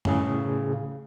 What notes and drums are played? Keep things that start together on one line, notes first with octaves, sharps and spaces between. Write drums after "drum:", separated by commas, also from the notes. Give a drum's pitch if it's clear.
A2 C#3 G#4, drum: tom F#2